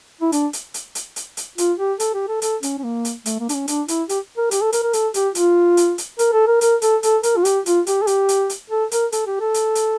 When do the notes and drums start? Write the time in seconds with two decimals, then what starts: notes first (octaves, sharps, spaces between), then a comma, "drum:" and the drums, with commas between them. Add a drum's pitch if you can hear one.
0.21 E4
0.32 D4, drum: hi-hat
0.53 drum: hi-hat
0.74 drum: hi-hat
0.95 drum: hi-hat
1.16 drum: hi-hat
1.37 drum: hi-hat
1.58 F4, drum: hi-hat
1.79 G4
2.00 A4, drum: hi-hat
2.14 G4
2.28 A4
2.42 A4, drum: hi-hat
2.63 C#4, drum: hi-hat
2.78 C#4
2.84 A#3
3.05 drum: hi-hat
3.26 A3, drum: hi-hat
3.40 A#3
3.49 D4, drum: hi-hat
3.54 C#4
3.68 D4, drum: hi-hat
3.88 E4, drum: hi-hat
4.09 G4, drum: hi-hat
4.37 A#4
4.51 G4, drum: hi-hat
4.62 A4
4.73 A#4, drum: hi-hat
4.83 A#4
4.93 A4, drum: hi-hat
5.14 G4, drum: hi-hat
5.35 F4, drum: hi-hat
5.77 drum: hi-hat
5.98 drum: hi-hat
6.19 A#4, drum: hi-hat
6.33 A4
6.47 A#4
6.61 A#4, drum: hi-hat
6.82 A4, drum: hi-hat
7.03 A4, drum: hi-hat
7.23 A#4, drum: hi-hat
7.37 F4
7.45 G4, drum: hi-hat
7.66 F4, drum: hi-hat
7.87 G4, drum: hi-hat
8.02 A4
8.07 G4, drum: hi-hat
8.29 drum: hi-hat
8.50 drum: hi-hat
8.70 A4
8.91 A#4, drum: hi-hat
9.12 A4, drum: hi-hat
9.27 G4
9.40 A4
9.54 drum: hi-hat
9.75 drum: hi-hat